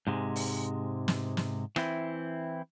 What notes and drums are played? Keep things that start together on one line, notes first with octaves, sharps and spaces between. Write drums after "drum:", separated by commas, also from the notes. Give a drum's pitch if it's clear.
G#2 C3 G#3
drum: open hi-hat
drum: snare
drum: snare
E3 C4 E4, drum: rim click